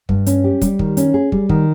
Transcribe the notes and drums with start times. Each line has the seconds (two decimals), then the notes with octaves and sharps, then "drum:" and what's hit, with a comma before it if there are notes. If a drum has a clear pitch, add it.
0.09 G2, drum: kick
0.26 C#4, drum: hi-hat
0.44 G4
0.62 G3, drum: kick, hi-hat
0.79 D#3, drum: kick
0.97 C#4, drum: hi-hat
1.14 G#4
1.32 G3, drum: kick
1.49 D#3, drum: kick